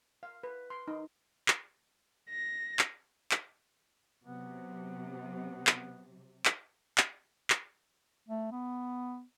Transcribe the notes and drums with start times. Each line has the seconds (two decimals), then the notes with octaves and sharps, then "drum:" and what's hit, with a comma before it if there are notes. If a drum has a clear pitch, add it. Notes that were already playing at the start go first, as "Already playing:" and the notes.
0.23 F5
0.43 B4
0.70 C6
0.88 D#4
1.48 drum: clap
2.30 A#6
2.79 drum: clap
3.31 drum: clap
4.24 C3 F#3 B3
5.67 drum: clap
6.45 drum: clap
6.98 drum: clap
7.50 drum: clap
8.29 A3
8.51 B3